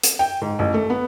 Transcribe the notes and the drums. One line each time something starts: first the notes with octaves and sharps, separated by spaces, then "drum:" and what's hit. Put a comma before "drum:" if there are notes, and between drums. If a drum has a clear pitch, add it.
drum: hi-hat
G5
G#2
A1
A3
B3